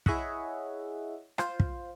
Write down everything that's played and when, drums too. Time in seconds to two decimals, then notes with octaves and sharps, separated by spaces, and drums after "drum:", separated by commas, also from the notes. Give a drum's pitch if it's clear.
0.06 E4 G#4 C#5 D#5 E5 F#5, drum: kick
1.38 F4 C5, drum: rim click
1.60 drum: kick